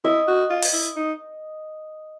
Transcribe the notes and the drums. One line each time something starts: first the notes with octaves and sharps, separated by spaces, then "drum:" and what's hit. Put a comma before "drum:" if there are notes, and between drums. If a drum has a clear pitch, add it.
E4 D#5
F#4
F4
drum: open hi-hat
E4
D#4